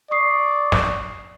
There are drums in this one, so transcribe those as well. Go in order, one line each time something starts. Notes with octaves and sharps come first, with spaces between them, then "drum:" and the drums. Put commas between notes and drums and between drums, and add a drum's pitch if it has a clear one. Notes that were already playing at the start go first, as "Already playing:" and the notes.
D5 C#6 D#6 C7
drum: snare